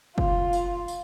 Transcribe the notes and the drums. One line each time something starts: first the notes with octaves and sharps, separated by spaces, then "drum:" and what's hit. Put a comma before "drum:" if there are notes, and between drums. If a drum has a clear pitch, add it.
F4, drum: kick
drum: tambourine
drum: tambourine